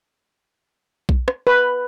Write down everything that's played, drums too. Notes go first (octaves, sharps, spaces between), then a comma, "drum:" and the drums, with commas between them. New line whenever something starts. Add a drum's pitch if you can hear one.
drum: kick B1
drum: rim click
B4